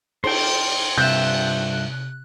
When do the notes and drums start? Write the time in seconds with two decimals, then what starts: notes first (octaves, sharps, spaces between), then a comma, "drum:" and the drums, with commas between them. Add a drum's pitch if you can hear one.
0.24 C5 G5, drum: cymbal
0.98 G2 C3 F4 E5 F#6 G6